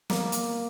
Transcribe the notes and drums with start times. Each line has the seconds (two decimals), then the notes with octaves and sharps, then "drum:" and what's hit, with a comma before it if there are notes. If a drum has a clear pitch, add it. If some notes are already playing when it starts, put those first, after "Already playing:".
0.10 A#3, drum: snare
0.32 drum: hi-hat